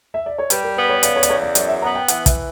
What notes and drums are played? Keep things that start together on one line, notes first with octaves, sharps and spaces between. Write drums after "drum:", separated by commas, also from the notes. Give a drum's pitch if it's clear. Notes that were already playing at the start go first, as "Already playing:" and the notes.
E5
D5
C#5
G3 B4, drum: hi-hat
A#4
B3 B4
C#5
C#3 D5, drum: hi-hat
C#5
D5, drum: hi-hat
E2 C#5
D5
F#2 D5, drum: hi-hat
E5
B3 A#5
G5
E3 F#5, drum: hi-hat
E5, drum: kick, hi-hat